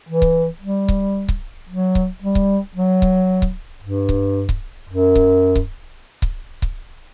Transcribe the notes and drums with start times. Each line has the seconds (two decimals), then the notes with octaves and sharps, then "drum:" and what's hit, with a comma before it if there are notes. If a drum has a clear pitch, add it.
0.09 E3
0.22 drum: kick C#1
0.61 G3
0.88 drum: kick C#1
1.28 drum: kick C#1
1.69 F#3
1.95 drum: kick C#1
2.22 G3
2.35 drum: kick C#1
2.75 F#3
3.02 drum: kick C#1
3.42 drum: kick C#1
3.82 G2
4.09 drum: kick C#1
4.49 drum: kick C#1
4.89 F#2
5.15 drum: kick C#1
5.55 drum: kick C#1
6.22 drum: kick C#1
6.62 drum: kick C#1